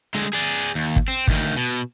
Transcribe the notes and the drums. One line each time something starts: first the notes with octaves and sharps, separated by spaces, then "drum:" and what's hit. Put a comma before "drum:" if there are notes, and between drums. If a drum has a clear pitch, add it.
D3 G#3
G#4 D5
D#2
drum: kick
C4
D2 D#3, drum: kick
B2